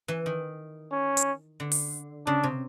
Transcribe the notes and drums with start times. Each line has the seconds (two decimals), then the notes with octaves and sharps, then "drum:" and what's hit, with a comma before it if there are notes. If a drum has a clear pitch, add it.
0.08 E3
0.26 D#3
0.92 C#4
1.17 drum: hi-hat
1.60 D3
1.72 drum: open hi-hat
2.27 C#3 D4
2.43 C3